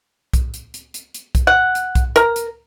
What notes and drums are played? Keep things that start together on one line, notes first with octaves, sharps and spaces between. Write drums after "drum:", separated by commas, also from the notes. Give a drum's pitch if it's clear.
drum: kick B1, hi-hat
drum: hi-hat
drum: hi-hat
drum: hi-hat
drum: hi-hat
drum: kick B1, hi-hat
F#5
drum: hi-hat
drum: kick B1, hi-hat
A#4 A#5, drum: hi-hat
drum: hi-hat